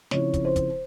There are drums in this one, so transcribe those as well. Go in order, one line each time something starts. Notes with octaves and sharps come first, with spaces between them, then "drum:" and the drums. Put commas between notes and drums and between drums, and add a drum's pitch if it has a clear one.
C#3 F3 C4 E4 C#5, drum: snare
drum: kick, hi-hat
C5
drum: kick, hi-hat